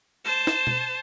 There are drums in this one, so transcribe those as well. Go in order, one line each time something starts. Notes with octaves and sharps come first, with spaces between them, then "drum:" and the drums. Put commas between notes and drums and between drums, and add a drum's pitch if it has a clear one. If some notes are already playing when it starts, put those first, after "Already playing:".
C5 A5
drum: snare
drum: tom B2